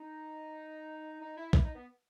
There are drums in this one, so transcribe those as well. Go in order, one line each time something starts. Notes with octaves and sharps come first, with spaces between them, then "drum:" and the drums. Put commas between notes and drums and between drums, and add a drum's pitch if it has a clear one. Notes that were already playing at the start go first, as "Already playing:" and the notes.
Already playing: D#4
D#4
E4
E4, drum: kick A#1
D#4
B3